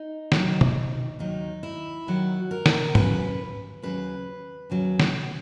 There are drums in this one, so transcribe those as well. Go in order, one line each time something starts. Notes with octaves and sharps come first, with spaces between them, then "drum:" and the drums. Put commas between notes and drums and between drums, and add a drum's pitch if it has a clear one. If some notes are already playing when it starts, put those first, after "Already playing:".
Already playing: D#4
D#2 D#3 F#3, drum: snare
drum: tom
D#2 D#3 F#3 D#4
E4
D#2 D#3 F#3 F#4
A#4
drum: snare
D#2 C#3 F#3 B4, drum: tom
D#2 C#3 F#3 B4
D#2 C#3 F#3
drum: snare